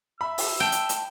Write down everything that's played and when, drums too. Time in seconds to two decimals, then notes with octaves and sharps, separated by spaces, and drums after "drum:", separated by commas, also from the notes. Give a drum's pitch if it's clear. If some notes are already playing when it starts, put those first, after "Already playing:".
0.21 E5 B5 E6
0.38 drum: open hi-hat
0.60 G5 A5
0.72 drum: hi-hat
0.89 drum: hi-hat